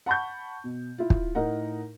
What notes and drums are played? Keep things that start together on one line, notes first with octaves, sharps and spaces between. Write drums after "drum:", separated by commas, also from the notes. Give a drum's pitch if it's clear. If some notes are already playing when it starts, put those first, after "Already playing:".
F#5 A5 B5 C#6 G6
B2
E4 F4
drum: kick
A2 D#4 A#4 F#5